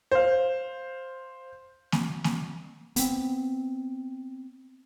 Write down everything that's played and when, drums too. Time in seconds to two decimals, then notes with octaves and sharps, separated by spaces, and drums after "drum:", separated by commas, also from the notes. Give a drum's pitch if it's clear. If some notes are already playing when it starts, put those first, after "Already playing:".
0.11 C5 F5
1.92 drum: snare A#3
2.24 drum: snare A#3
2.96 B3 C4, drum: hi-hat